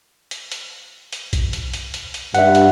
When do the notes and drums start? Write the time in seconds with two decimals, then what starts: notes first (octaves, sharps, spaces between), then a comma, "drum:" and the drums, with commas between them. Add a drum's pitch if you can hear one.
0.31 drum: hi-hat
0.52 drum: hi-hat
1.13 drum: hi-hat
1.33 drum: kick A#1, hi-hat
1.53 drum: hi-hat
1.73 drum: hi-hat
1.94 drum: hi-hat
2.14 drum: hi-hat
2.34 G2 E5 F#5, drum: hi-hat
2.55 drum: hi-hat